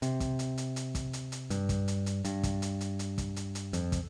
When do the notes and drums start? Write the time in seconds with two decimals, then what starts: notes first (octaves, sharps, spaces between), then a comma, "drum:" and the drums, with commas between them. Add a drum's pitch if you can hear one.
0.02 C3, drum: hi-hat
0.20 drum: kick, hi-hat
0.39 drum: hi-hat
0.58 drum: hi-hat
0.76 drum: hi-hat
0.95 drum: kick, hi-hat
1.13 drum: hi-hat
1.32 drum: hi-hat
1.50 G2, drum: hi-hat
1.69 drum: kick, hi-hat
1.88 drum: hi-hat
2.06 drum: hi-hat
2.25 G2, drum: hi-hat
2.43 drum: kick, hi-hat
2.62 drum: hi-hat
2.81 drum: hi-hat
2.99 drum: hi-hat
3.18 drum: kick, hi-hat
3.36 drum: hi-hat
3.55 drum: hi-hat
3.73 F2, drum: hi-hat
3.92 drum: kick, hi-hat